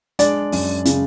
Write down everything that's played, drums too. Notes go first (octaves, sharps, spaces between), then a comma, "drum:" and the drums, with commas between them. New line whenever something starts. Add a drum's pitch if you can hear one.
G#3 D4 D5, drum: hi-hat
F#2, drum: open hi-hat
C#3, drum: hi-hat